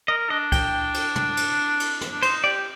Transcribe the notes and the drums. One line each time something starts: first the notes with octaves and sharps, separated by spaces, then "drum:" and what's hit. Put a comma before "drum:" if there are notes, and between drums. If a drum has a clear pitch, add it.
A#4 D#5
D4 D#5
G5, drum: kick C#2, cymbal
drum: cymbal
drum: tom
drum: cymbal
drum: cymbal
drum: snare
D4
D#4 C5, drum: cymbal
G4 D5